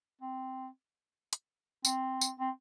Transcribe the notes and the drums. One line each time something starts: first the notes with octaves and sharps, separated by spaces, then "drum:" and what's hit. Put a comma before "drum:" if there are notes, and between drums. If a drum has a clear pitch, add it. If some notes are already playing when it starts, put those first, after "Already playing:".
C4
drum: hi-hat
C4, drum: tambourine
drum: tambourine
C4